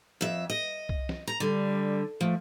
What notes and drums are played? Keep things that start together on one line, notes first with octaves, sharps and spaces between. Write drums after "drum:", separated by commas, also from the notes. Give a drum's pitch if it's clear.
F2 E5
D#5
drum: kick C2
drum: snare
A#5
D3 G3
F3 A3